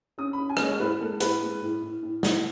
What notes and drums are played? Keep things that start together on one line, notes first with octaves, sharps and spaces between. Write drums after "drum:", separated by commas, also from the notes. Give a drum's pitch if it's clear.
C#4 D#6
B5
C#4
G#5
D#5, drum: rim click
G#3 C#5
A2 B4
G#3 A4
A2 B4, drum: hi-hat
G#3
A2
A2
A2
A2, drum: snare